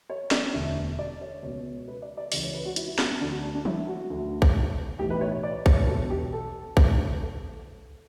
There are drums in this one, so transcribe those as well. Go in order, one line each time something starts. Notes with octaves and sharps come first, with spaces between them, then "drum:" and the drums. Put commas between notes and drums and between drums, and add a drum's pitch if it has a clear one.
C#5
D5, drum: snare
E1 D2 D3 E5
D5
C#5
C#2 B2 C#5
B4
D5
D5
C#2 C#3 E3 D5, drum: open hi-hat
C#5
B4
F#4
E4, drum: hi-hat
E4
F#4, drum: snare
D4
D2 D3 D4
F#4
D4
D4
E4, drum: tom
F#4
D2 D3
drum: kick
B1 A2 E3 G4
B4
C#5
C#5
D5
C#5, drum: kick
B4
E1 E2 B2 A4
G4
A4
E1 D2 D3 B4, drum: kick
A4